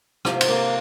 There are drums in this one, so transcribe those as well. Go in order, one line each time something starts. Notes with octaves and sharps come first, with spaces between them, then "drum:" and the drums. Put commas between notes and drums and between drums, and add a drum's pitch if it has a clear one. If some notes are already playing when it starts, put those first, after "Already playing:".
C3 F4, drum: rim click
F4, drum: cymbal
A#3